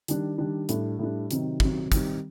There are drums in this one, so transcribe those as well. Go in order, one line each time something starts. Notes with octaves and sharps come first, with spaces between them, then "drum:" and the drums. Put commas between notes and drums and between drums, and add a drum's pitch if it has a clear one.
D#3 G3 D4, drum: hi-hat
D#3 G3 D4
A2 G3 D4, drum: hi-hat
A2 G3 D4
C3 D#3 F#3 C4 D#4, drum: hi-hat
C3 D#3 F#3 C4 D#4, drum: kick
D#3 G3 C4 D#4, drum: kick, hi-hat